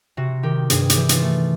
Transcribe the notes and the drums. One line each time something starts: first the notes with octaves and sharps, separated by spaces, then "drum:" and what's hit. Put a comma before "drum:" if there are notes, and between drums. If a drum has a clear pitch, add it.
C3 F#4
D#3 G4
G2 G#4, drum: hi-hat
G4, drum: hi-hat
E3
F4, drum: hi-hat
A3